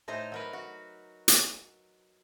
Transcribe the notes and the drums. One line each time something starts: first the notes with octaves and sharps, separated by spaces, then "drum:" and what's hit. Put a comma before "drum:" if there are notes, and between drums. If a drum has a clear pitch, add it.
A2 D#4 C5 A#5
F#3 A#4 B4
F#4
drum: hi-hat